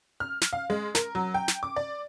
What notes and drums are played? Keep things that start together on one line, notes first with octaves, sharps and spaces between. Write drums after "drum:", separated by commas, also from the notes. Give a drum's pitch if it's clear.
F6
drum: snare
F5
G#3
A#4, drum: snare
F#3
G5
drum: snare
D6
D5